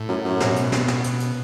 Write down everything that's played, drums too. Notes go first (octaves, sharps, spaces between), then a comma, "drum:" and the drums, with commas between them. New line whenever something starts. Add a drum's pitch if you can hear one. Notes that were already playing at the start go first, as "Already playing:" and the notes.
Already playing: A2
F#2
F#2
B2, drum: snare
drum: hi-hat
drum: snare
drum: snare
drum: hi-hat
drum: hi-hat